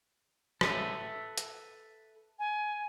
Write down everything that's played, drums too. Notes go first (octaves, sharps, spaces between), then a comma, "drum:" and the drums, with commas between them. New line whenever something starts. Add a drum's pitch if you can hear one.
A4 B4 E5, drum: rim click
drum: hi-hat
G#5